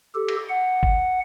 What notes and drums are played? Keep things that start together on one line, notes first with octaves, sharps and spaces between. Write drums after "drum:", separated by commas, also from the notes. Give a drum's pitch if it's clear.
G4 A4
drum: cymbal
F#5
drum: kick G1